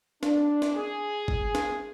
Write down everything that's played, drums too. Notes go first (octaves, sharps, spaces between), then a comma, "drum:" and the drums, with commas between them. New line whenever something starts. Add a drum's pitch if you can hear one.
D4, drum: snare
drum: snare
G#4
drum: kick G1
drum: snare